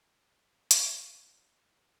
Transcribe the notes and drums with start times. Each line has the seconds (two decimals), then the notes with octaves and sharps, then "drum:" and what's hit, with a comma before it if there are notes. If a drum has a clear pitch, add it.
0.23 A2 F3
0.71 B2 F#3 B4 C#5, drum: hi-hat
1.18 A2 F3
1.66 C3 D#3 G3 A#4 C5